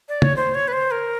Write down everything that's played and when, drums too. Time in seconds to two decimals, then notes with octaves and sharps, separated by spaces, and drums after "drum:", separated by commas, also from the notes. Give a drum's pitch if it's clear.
0.08 D5
0.22 C#5, drum: tom
0.36 C5
0.54 C#5
0.68 B4
0.73 C5
0.91 A#4